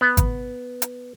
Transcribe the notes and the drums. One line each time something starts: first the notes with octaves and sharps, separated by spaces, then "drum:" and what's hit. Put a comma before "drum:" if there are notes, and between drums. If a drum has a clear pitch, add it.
B3
drum: kick G#1, hi-hat
drum: hi-hat